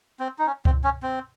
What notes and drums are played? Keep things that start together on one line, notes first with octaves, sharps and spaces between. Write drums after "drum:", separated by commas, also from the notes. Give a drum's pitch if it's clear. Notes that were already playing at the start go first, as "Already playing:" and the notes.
C4
D#4
C#4
C4, drum: kick C#2
C#4
C4